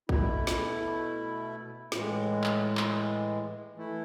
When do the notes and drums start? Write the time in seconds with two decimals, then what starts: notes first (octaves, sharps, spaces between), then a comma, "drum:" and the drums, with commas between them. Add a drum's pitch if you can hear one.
0.09 B2 A3 E4, drum: kick
0.47 drum: snare
1.92 A2 E3 G#3, drum: snare
2.44 drum: clap
2.77 drum: clap
3.76 E3 A3 E4